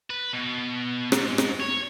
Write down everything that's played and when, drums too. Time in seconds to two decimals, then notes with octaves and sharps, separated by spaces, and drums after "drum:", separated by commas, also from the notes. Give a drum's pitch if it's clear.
0.10 B4
0.33 B2
1.12 G#2, drum: rim click
1.38 drum: rim click
1.60 C#5